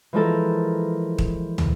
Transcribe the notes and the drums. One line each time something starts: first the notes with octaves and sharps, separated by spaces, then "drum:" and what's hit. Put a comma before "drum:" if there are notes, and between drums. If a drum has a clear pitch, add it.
E3 F3 G#3 A4 A#4
drum: kick
drum: tom